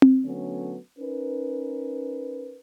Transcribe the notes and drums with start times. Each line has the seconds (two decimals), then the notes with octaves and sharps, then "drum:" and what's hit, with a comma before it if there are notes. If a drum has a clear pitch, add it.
0.02 drum: tom C4
0.24 D3 F#3 A3 B3 C#4
0.99 C#4 D#4 A#4 B4